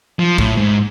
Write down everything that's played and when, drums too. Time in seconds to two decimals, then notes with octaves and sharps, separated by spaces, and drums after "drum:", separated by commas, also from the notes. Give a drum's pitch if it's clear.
0.19 F3
0.38 A2, drum: kick
0.57 G#2